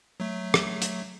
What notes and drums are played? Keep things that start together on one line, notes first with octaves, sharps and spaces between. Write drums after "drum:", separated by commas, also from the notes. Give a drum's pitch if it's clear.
F#3 A3
drum: rim click
drum: hi-hat